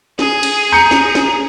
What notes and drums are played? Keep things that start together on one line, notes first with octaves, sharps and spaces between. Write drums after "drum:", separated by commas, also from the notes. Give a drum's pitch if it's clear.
G#4, drum: snare
drum: cymbal
A#5 G6 C#7
drum: snare
drum: snare